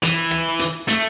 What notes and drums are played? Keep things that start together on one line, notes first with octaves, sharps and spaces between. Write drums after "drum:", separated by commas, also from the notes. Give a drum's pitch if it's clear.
E3, drum: hi-hat
drum: rim click
drum: hi-hat
A3, drum: hi-hat